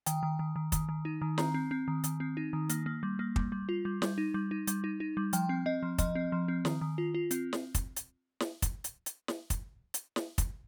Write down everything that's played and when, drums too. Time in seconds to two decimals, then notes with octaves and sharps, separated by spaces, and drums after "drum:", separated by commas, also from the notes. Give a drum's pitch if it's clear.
0.06 D#3 G5, drum: hi-hat
0.23 D#3
0.39 D#3
0.56 D#3
0.72 D#3, drum: kick, hi-hat
0.89 D#3
1.05 D#4
1.22 D#3
1.38 C4 A#5, drum: snare
1.54 C4
1.71 C4
1.88 D#3
2.04 D#3, drum: hi-hat
2.20 C4
2.37 D#4
2.53 D#3
2.70 A#3, drum: hi-hat
2.86 A#3
3.03 G3
3.19 A#3
3.36 G3, drum: kick
3.52 G3
3.69 F4
3.85 G3
4.02 G3, drum: snare
4.18 D#4
4.34 G3
4.51 D#4
4.67 G3, drum: hi-hat
4.84 D#4
5.00 D#4
5.17 G3
5.33 F3 G5, drum: hi-hat
5.49 C4
5.66 C4 D#5
5.83 F3
5.98 F3 D#5, drum: kick, hi-hat
6.15 C4
6.32 F3
6.48 C4
6.65 D#3, drum: snare
6.81 D#3
6.98 F4
7.14 F4
7.31 C4, drum: hi-hat
7.53 drum: snare
7.75 drum: kick, hi-hat
7.97 drum: hi-hat
8.40 drum: snare
8.62 drum: kick, hi-hat
8.84 drum: hi-hat
9.06 drum: hi-hat
9.28 drum: snare
9.50 drum: kick, hi-hat
9.94 drum: hi-hat
10.16 drum: snare
10.38 drum: kick, hi-hat